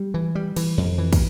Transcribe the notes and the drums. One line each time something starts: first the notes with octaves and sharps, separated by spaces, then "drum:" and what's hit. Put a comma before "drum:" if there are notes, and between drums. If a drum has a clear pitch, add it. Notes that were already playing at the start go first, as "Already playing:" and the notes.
Already playing: G3
E3
G3
E3, drum: cymbal
F2
E3
drum: kick, cymbal